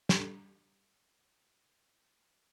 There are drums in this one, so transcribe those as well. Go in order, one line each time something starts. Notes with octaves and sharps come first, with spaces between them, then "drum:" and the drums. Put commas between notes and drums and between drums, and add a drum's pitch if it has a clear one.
G3 G4 A4 A#5, drum: snare